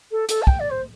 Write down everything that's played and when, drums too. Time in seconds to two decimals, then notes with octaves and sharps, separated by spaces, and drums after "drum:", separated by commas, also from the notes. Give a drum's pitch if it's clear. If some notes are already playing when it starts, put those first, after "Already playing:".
0.11 A4
0.29 A4, drum: hi-hat
0.42 A5
0.47 G5, drum: kick
0.59 D5
0.70 C5